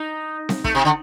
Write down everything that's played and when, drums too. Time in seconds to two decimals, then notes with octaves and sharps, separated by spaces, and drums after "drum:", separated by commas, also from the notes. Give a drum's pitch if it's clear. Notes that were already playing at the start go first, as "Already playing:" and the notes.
Already playing: D#4
0.49 drum: snare C4
0.64 A3, drum: kick
0.75 C3
0.85 D3